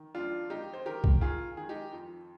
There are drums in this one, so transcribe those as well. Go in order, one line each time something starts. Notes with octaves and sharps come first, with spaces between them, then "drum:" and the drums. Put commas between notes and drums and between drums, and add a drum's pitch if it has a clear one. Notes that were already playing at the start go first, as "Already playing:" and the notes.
Already playing: D#3
F2 D4 F4
D#3 D#4 G4
C5
D#3 G4 A#4
drum: kick B1
D#3 F4 G#4
D#3 G#4
D#4 G4
F2